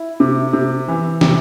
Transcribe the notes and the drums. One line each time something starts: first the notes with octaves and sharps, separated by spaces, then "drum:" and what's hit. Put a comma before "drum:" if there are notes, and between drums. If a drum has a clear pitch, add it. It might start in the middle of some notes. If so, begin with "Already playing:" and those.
Already playing: E4
C3
C3
E3
C3, drum: snare